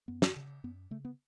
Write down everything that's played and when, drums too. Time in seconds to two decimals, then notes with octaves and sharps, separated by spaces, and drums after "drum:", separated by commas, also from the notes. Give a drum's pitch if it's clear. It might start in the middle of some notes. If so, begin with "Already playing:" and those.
0.08 F#2 B3
0.22 drum: snare
0.36 C#3
0.64 F#2 B3
0.91 C#3 A3
1.05 B3